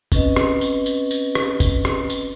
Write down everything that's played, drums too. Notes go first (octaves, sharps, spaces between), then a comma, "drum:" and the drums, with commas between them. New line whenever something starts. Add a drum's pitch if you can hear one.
C4 C#4 B4 D#5, drum: kick, tambourine
drum: rim click
drum: tambourine
drum: tambourine
drum: tambourine
drum: rim click
drum: kick, tambourine
drum: rim click
drum: tambourine